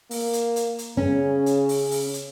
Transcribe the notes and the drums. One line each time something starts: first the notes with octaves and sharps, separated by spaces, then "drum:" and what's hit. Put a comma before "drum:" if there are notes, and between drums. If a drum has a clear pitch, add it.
A#3, drum: open hi-hat
drum: hi-hat
drum: hi-hat
drum: hi-hat
C#3 C#4
drum: hi-hat
drum: open hi-hat
drum: open hi-hat
drum: hi-hat